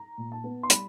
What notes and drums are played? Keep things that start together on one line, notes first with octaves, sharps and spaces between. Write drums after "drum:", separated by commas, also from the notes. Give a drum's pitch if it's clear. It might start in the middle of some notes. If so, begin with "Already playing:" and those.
Already playing: A#5
A#2
A5
B3
C6
G3 B5, drum: hi-hat